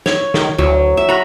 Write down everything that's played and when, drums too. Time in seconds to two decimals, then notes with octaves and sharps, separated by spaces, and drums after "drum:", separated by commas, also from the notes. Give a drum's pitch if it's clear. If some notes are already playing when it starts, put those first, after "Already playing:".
0.06 C#5, drum: snare
0.34 D#3, drum: snare
0.58 D2 F#3
0.97 E5
1.09 F#4 A#5 B5